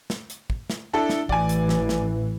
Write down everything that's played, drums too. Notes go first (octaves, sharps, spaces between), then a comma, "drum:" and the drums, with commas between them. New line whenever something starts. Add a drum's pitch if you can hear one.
drum: snare
drum: hi-hat
drum: kick
drum: snare
D4 E4 A4
drum: snare
A1 E3 D5 G#5, drum: kick
drum: hi-hat
drum: snare
drum: snare